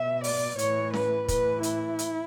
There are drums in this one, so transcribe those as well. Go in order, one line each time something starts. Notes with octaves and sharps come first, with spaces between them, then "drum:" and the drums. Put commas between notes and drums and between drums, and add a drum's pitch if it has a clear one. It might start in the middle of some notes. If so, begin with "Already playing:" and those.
Already playing: B2 E5
D5, drum: open hi-hat
A2 E3 C#5, drum: hi-hat
B4, drum: snare C#4
A2 E3 B4, drum: kick, hi-hat
E4, drum: hi-hat
drum: hi-hat